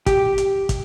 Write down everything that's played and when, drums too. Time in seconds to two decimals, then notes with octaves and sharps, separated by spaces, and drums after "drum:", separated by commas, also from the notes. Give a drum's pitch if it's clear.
0.06 G4, drum: kick, hi-hat
0.38 drum: hi-hat
0.69 drum: kick, hi-hat